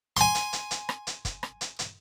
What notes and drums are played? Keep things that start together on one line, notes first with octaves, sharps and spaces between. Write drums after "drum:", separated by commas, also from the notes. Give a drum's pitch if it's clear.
G#5 C6, drum: hi-hat
drum: hi-hat
drum: hi-hat
drum: hi-hat
drum: rim click
drum: hi-hat
drum: kick, hi-hat
drum: rim click
drum: hi-hat
drum: hi-hat